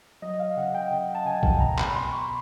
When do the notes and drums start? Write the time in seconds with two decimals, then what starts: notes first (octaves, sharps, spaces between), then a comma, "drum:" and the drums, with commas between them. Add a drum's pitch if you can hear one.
0.22 F#3 D#5
0.39 F5
0.57 C#3 F#5
0.74 G5
0.91 C#3
1.15 A5
1.25 C#3 G#5
1.43 drum: kick
1.60 B2 A#5
1.78 B5, drum: clap
1.95 B2 C6
2.12 C#6